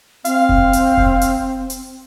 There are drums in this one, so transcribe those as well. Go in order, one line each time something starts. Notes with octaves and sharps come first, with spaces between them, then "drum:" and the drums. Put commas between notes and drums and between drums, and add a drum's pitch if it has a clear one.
C4 F5, drum: hi-hat
drum: kick F1
drum: hi-hat
drum: kick F1
drum: hi-hat
drum: hi-hat